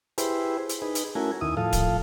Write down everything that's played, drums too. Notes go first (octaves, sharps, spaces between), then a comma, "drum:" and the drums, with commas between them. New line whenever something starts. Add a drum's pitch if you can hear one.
E4 G4 G#4 B4 C5, drum: hi-hat
drum: hi-hat
D#4 G#4 B4
drum: hi-hat
A3 C#4 E4 F#4 A#4 G#5
D#2 E4 D#6
A2 F3 A4 F5
drum: kick, hi-hat